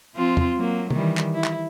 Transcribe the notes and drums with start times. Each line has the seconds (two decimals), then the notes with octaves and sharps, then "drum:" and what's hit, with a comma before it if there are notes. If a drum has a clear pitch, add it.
0.15 F3 C4 F4
0.37 drum: tom E2
0.55 F#3 A#3
0.90 D#3 E3 G3, drum: tom
1.17 drum: clap
1.34 E4
1.44 drum: clap